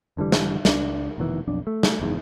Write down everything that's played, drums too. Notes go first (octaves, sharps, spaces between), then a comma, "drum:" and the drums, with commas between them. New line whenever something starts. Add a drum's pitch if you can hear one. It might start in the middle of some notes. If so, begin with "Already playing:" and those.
F1 D3 E3 G3
drum: snare
C#2 D4, drum: snare
F1 B2 D#3 E3
B1 F2 D4
A3
drum: snare
F#1 E2 G#2